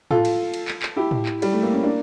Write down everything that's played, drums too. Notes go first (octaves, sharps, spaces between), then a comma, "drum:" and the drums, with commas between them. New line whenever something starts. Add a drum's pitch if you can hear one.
F4 A4, drum: tom A2
drum: cymbal
drum: cymbal
drum: clap
drum: clap
E4 G4
drum: tom A2
drum: clap
G3, drum: cymbal
A3
A#3
C#4
A#3 D4